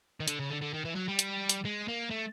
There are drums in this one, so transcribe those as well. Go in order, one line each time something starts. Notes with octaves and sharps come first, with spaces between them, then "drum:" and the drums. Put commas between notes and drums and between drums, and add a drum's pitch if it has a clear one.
D#3
D3, drum: hi-hat
C#3
D3
D3
D#3
E3
F#3
G3
drum: hi-hat
drum: hi-hat
G#3
A#3
A3